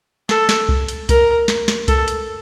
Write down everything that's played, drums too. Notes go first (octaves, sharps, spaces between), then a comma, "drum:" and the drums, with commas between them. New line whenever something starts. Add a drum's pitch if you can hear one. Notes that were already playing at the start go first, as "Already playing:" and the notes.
A4, drum: snare
drum: snare
drum: kick C2
drum: hi-hat
A#4, drum: kick C2, hi-hat
drum: snare
drum: snare
A4, drum: kick C2, hi-hat
drum: hi-hat